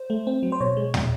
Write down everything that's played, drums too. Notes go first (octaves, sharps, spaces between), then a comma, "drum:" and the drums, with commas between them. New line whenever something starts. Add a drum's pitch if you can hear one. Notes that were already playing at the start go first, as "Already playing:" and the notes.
Already playing: C5
A3
C4
F#3
C5
B2 C#5
G#3
B2, drum: tom